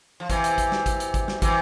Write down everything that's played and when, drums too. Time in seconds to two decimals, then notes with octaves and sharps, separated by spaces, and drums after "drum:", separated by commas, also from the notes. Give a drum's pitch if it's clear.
0.20 F3
0.30 C3 E3, drum: kick, hi-hat
0.44 drum: hi-hat
0.58 drum: kick, hi-hat
0.72 drum: snare
0.86 drum: kick, hi-hat
1.00 drum: hi-hat
1.14 drum: kick, hi-hat
1.28 drum: snare
1.42 C3 E3, drum: kick, hi-hat